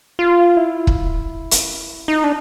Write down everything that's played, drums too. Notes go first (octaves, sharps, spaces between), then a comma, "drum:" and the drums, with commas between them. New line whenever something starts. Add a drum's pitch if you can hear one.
F4
E4
drum: kick
drum: hi-hat
D#4
D4